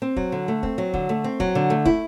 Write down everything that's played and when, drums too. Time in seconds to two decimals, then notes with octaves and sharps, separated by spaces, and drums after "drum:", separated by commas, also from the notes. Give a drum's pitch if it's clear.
0.02 C4
0.17 F#3, drum: kick
0.32 D3
0.48 A3
0.63 C4, drum: kick
0.78 F#3
0.94 D3, drum: kick
1.09 A3
1.24 C4
1.40 F#3, drum: kick
1.55 D3
1.70 A3
1.85 E4, drum: kick